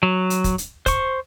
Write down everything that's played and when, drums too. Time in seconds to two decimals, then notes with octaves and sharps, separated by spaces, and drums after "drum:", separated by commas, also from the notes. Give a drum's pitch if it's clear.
0.03 F#3
0.30 drum: hi-hat
0.44 drum: kick, hi-hat
0.58 drum: hi-hat
0.86 C5 C#6, drum: kick, hi-hat